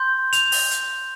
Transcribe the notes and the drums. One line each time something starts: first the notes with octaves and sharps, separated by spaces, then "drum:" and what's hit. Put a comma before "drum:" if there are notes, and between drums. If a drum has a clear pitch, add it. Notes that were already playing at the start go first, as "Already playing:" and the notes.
Already playing: C6 G6
F7, drum: hi-hat
drum: open hi-hat
drum: hi-hat